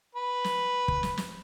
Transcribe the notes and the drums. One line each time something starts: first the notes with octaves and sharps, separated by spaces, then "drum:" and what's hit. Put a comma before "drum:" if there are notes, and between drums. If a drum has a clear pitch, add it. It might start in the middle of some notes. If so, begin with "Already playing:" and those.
B4
drum: snare
drum: kick
drum: snare
drum: snare